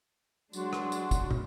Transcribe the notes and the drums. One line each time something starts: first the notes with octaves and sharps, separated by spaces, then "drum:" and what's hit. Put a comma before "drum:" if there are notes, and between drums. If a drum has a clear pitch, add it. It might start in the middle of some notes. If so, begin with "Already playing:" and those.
F#3 G#3 D4 F#4 C6, drum: tambourine
drum: rim click
drum: tambourine
drum: kick, tambourine
drum: tom